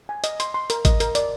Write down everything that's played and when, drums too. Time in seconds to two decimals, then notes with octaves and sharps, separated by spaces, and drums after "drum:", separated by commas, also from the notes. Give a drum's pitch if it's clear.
0.09 G#5
0.24 D#5, drum: hi-hat
0.40 C6, drum: hi-hat
0.54 C6
0.70 A#4, drum: hi-hat
0.85 D#5, drum: kick G#1, hi-hat
1.00 A#4, drum: hi-hat
1.15 D5, drum: hi-hat